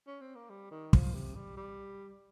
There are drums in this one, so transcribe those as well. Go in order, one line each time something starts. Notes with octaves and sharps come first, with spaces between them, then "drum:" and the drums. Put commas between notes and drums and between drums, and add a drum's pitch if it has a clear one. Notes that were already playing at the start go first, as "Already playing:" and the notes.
C#4
C4
A#3
G3
D#3
F3, drum: kick
C3
G3
G3